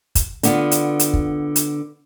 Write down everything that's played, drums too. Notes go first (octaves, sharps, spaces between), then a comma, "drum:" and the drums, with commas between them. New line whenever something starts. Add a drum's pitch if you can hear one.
drum: kick, hi-hat
D3 B3 F4, drum: hi-hat
drum: hi-hat
drum: hi-hat
drum: kick
drum: hi-hat